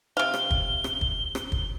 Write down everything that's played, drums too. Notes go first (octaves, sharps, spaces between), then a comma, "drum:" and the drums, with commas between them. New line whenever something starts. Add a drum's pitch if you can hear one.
C3 F5 G7
drum: rim click
drum: kick
drum: rim click
drum: kick
drum: rim click
drum: kick